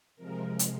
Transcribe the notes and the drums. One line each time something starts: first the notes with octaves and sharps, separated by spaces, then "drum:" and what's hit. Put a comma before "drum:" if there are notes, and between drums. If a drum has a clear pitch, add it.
C3 F3 G#3 A#4
drum: hi-hat